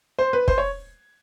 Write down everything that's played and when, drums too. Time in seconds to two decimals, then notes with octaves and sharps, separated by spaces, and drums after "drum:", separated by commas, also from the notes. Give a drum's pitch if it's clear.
0.19 C5
0.33 B4
0.48 C5, drum: kick
0.58 C#5